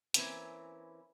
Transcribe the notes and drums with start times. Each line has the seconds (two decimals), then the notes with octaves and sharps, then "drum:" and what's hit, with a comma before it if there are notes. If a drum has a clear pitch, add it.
0.14 E3 A#3 C4 C#4 E4 B4, drum: hi-hat